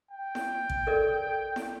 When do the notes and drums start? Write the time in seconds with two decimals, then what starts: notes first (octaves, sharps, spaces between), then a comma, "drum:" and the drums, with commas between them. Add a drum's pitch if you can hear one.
0.11 G5
0.35 drum: snare E4
0.70 drum: kick
0.87 A4 A#4 D5
1.56 drum: snare E4